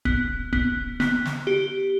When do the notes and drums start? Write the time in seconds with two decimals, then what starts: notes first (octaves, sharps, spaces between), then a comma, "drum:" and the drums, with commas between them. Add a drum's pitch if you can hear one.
0.05 B3, drum: kick
0.53 B3, drum: kick
1.00 B3, drum: snare
1.25 drum: snare
1.47 G4